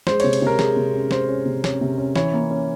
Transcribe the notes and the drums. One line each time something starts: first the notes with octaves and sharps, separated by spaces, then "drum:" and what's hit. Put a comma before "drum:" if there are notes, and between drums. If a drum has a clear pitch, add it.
G#3 C5, drum: snare
C3 C#5, drum: cymbal
drum: cymbal
C3 A#4
G#3, drum: snare
C3
C#4
G#3 C5, drum: snare
C#4
C3
C#4, drum: snare
C3
C#4
E3 C#5, drum: snare
A#3
C#4